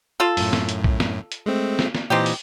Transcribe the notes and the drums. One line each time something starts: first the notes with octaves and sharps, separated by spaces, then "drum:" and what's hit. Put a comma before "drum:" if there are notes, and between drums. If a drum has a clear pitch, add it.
F4 A4
F#2 A2, drum: open hi-hat
drum: snare
drum: hi-hat
drum: kick A#1
drum: snare
drum: hi-hat
G#3 A3 C4
drum: snare
drum: snare
A#2 E3 C4 D#4 G4 D#5
drum: open hi-hat